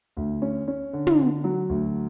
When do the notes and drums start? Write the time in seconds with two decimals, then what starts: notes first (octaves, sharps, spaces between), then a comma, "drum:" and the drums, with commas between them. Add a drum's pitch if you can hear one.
0.17 D2
0.42 C#4
0.68 C#4
0.93 D3
1.07 drum: tom
1.19 D3
1.44 F#3
1.69 D2